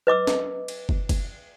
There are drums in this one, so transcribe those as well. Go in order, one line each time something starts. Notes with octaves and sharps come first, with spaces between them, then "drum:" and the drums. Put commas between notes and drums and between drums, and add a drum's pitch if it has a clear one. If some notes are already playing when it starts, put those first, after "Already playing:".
B4 D#5 D6 E6
drum: snare
drum: cymbal
drum: kick
drum: kick, cymbal